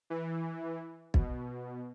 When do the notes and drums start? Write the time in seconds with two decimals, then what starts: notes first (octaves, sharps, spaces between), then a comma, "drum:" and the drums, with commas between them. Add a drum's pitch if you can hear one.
0.10 E3
1.14 B2, drum: kick